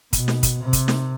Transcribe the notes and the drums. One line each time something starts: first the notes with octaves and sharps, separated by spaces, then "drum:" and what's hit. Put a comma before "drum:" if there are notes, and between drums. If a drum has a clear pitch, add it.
B2, drum: kick, hi-hat
drum: snare
drum: kick, hi-hat
C3
drum: kick, hi-hat
drum: snare